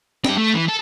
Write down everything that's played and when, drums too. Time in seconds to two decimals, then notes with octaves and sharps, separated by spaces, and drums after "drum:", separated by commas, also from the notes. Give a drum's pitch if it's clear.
0.25 G2 G5, drum: snare
0.37 A3
0.54 E3
0.68 A4